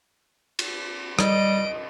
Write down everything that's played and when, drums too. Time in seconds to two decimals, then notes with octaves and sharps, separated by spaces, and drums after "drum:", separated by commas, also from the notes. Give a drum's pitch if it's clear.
0.59 drum: cymbal
1.19 G3 D#5 D7, drum: rim click